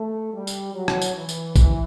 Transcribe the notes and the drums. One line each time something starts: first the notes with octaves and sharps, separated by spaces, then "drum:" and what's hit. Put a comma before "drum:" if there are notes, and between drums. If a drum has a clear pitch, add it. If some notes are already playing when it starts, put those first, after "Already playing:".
Already playing: A3
G3
drum: tambourine
F#3
drum: rim click
drum: tambourine
E3
drum: tambourine
E3, drum: kick G#1, tambourine